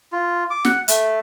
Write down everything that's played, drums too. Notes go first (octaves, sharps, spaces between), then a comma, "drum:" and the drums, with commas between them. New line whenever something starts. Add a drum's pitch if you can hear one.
F4
D6
F#5, drum: snare
A3, drum: hi-hat